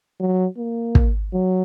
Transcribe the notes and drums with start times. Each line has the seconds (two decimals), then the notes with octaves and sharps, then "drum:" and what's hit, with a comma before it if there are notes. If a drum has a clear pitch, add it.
0.20 F#3
0.57 A#3
0.95 drum: kick
1.33 F#3